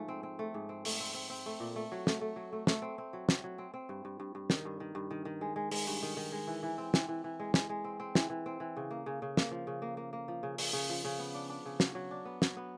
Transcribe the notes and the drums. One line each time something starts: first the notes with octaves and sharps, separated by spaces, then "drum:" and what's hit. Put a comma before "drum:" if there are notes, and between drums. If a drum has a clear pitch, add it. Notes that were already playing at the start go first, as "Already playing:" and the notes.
Already playing: G#2 F3 A3
C4
C4
A3
G#2
C4
A3, drum: open hi-hat
C4
C4
C4
A3
A#2
A3
F#3
A3, drum: snare
A3
F#3
A3
A3, drum: snare
C4
C4
F#3
F#3, drum: snare
F#3
C4
C4
G2
G2
G2
G2
D#3, drum: snare
G2
D#3
G2
D#3
D#3
G#3
G#3
G#3, drum: open hi-hat
G2
D#3
D#3
G#3
E3
E3
C4
E3, drum: snare
E3
E3
G#3
G#3, drum: snare
G#3
C4
C4
E3, drum: snare
E3
C4
E3
C#3
A#3
C#3
C#3
A#3, drum: snare
F3
C#3
A#3
A#3
A#3
F3
C#3
C#3, drum: open hi-hat
C#3
F3
C#3
B3
D4
D4
C#3
F#3, drum: snare
F#3
D4
B3
F#3, drum: snare
B3